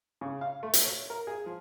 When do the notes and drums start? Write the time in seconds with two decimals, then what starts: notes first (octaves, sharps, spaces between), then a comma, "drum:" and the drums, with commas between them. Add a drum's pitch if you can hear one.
0.21 C#3
0.41 F5
0.63 A3
0.73 drum: hi-hat
0.85 C#5
1.10 A#4
1.27 G#4
1.46 F3